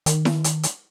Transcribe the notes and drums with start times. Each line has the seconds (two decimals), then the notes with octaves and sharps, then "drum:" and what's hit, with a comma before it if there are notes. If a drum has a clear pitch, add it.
0.06 D#3, drum: hi-hat
0.25 drum: snare E4
0.44 drum: hi-hat
0.63 drum: hi-hat